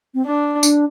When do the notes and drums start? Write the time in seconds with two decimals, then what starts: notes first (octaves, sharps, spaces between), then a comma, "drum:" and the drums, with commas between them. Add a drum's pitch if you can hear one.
0.14 C4
0.26 D4
0.63 D4, drum: tambourine